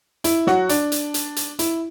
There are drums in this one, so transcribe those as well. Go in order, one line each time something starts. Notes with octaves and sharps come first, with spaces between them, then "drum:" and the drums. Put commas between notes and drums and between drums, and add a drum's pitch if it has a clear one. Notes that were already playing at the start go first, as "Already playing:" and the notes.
E4, drum: hi-hat
F#3 F#4, drum: snare
D4, drum: hi-hat
drum: hi-hat
drum: hi-hat
drum: hi-hat
E4, drum: hi-hat